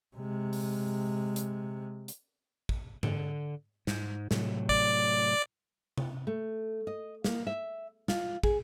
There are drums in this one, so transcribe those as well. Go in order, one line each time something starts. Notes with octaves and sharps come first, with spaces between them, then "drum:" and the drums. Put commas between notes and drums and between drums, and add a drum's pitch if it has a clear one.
C3 G#3
drum: open hi-hat
drum: hi-hat
drum: hi-hat
drum: kick
D3, drum: tom G#2
G#2, drum: snare
A2 C3 F#3, drum: snare
D5, drum: kick
drum: tom C3
A3
D#5
A#3, drum: snare
E5
F4, drum: snare
G#4, drum: kick